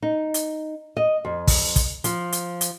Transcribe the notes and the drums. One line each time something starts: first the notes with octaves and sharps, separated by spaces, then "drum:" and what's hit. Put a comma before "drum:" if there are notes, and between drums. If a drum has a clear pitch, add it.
D#4
drum: hi-hat
D#5
F2
drum: kick, open hi-hat
drum: kick, hi-hat
F3, drum: hi-hat
drum: hi-hat
drum: hi-hat